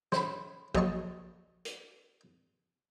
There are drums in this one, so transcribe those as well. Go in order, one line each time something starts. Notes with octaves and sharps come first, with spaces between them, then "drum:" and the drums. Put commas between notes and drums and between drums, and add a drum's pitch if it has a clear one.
C5 B5, drum: snare
A#1 F#3 C#4 D#5 A5 C#6, drum: kick
drum: hi-hat